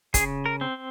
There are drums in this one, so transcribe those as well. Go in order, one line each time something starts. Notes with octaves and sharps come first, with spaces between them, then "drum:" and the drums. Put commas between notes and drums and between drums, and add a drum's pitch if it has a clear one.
C#3 G#4, drum: kick, hi-hat
A#4
C4